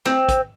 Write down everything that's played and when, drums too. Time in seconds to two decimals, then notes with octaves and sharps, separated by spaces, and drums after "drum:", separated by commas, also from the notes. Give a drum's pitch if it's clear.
0.06 C4, drum: snare
0.29 drum: kick, hi-hat